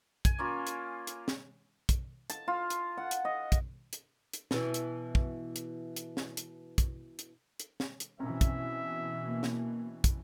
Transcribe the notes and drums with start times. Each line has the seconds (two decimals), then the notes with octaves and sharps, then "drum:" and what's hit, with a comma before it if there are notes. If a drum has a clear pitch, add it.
0.25 G#5, drum: kick, hi-hat
0.39 A#3 C#4 F4
0.67 drum: hi-hat
1.07 drum: hi-hat
1.28 drum: snare
1.89 drum: kick, hi-hat
2.30 A5, drum: hi-hat
2.48 F4
2.70 drum: hi-hat
2.98 F#5
3.11 drum: hi-hat
3.25 D#5
3.52 drum: kick, hi-hat
3.93 drum: hi-hat
4.33 drum: hi-hat
4.51 B2 E3, drum: snare
4.74 drum: hi-hat
5.15 drum: kick
5.56 drum: hi-hat
5.96 drum: hi-hat
6.17 drum: snare
6.37 drum: hi-hat
6.78 drum: kick, hi-hat
7.19 drum: hi-hat
7.60 drum: hi-hat
7.80 drum: snare
8.00 drum: hi-hat
8.19 B2 E3 C4 C#4 E5 A#5
8.41 drum: kick, hi-hat
9.28 A#3
9.43 drum: snare
10.04 drum: kick, hi-hat